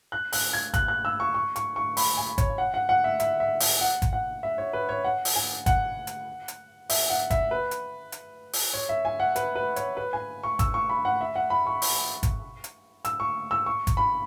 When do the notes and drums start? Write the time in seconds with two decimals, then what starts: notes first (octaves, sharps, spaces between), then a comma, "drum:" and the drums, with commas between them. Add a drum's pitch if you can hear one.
0.12 F#6
0.33 F#6, drum: open hi-hat
0.53 G#6
0.74 F#6, drum: kick, hi-hat
0.88 F#6
1.05 E6
1.20 C#6
1.34 C#6
1.56 C#6, drum: hi-hat
1.76 C#6
1.97 B5, drum: open hi-hat
2.17 G#5
2.38 C#5, drum: kick, hi-hat
2.58 F#5
2.74 F#5
2.89 F#5
3.04 E5
3.20 E5, drum: hi-hat
3.40 E5
3.60 E5, drum: open hi-hat
3.81 F#5
4.02 drum: kick, hi-hat
4.13 F#5
4.43 E5
4.58 C#5
4.73 B4
4.89 C#5
5.04 F#5
5.25 drum: open hi-hat
5.35 G#5
5.66 F#5, drum: kick, hi-hat
6.07 drum: hi-hat
6.48 drum: hi-hat
6.89 E5, drum: open hi-hat
7.10 F#5
7.30 E5, drum: kick, hi-hat
7.51 B4
7.71 drum: hi-hat
8.12 drum: hi-hat
8.53 drum: open hi-hat
8.74 C#5
8.89 E5
9.05 G#5
9.20 F#5
9.36 B4, drum: hi-hat
9.55 B4
9.76 C#5, drum: hi-hat
9.97 B4
10.13 G#5
10.43 C#6
10.59 E6, drum: kick, hi-hat
10.74 C#6
10.89 B5
11.05 F#5
11.21 E5
11.36 F#5
11.50 B5
11.66 C#6
11.82 drum: open hi-hat
12.23 drum: kick, hi-hat
12.64 drum: hi-hat
13.05 E6, drum: hi-hat
13.20 C#6
13.51 E6
13.66 C#6
13.87 drum: kick, hi-hat
13.97 B5